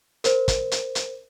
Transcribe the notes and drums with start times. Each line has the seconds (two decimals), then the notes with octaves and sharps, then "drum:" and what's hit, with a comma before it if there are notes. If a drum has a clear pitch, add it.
0.24 A#4 C5, drum: hi-hat
0.48 drum: kick, hi-hat
0.71 drum: hi-hat
0.95 drum: hi-hat